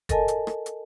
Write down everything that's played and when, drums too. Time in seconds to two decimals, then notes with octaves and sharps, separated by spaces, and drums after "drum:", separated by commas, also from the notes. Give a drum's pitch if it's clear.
0.09 A4 A#4 D#5 G#5 A5, drum: kick, hi-hat
0.28 drum: hi-hat
0.47 drum: rim click
0.66 drum: hi-hat